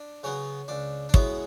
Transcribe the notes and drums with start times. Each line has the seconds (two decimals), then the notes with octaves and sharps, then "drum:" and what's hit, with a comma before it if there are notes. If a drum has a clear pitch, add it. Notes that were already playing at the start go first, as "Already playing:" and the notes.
Already playing: D4
0.23 C#3 F#3 B3 C#4
0.68 C#2 D4
1.09 D4
1.14 B2 G#3 B3 C#4 E4, drum: kick